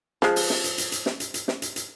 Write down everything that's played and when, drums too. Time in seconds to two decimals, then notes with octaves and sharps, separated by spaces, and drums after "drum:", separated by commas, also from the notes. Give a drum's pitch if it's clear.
0.22 F3 G#3, drum: snare
0.36 drum: open hi-hat
0.50 drum: snare
0.64 drum: hi-hat
0.78 drum: hi-hat
0.92 drum: hi-hat
1.06 drum: snare
1.20 drum: hi-hat
1.34 drum: hi-hat
1.48 drum: snare
1.62 drum: hi-hat
1.76 drum: hi-hat